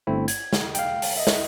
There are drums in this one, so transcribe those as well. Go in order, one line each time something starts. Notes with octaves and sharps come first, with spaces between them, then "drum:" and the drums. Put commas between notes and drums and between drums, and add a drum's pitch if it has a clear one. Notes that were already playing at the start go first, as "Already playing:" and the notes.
G1 G2 A3 C4 E4
G#6, drum: hi-hat
drum: snare
F5 G5, drum: hi-hat
drum: open hi-hat
D#5 E5
drum: snare